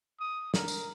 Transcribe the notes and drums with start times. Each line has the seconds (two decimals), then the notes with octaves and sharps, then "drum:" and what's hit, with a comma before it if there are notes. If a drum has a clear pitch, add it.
0.20 D#6
0.54 A#4, drum: snare
0.68 drum: tambourine